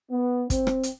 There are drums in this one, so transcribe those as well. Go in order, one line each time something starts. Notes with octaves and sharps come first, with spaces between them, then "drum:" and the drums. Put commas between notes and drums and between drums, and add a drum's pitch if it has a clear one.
B3
C4, drum: kick, hi-hat
drum: rim click
drum: hi-hat